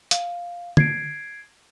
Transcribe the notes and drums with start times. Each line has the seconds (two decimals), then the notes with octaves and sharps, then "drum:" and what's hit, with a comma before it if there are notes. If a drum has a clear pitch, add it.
0.11 F5, drum: hi-hat
0.77 G#6 C7 D7, drum: tom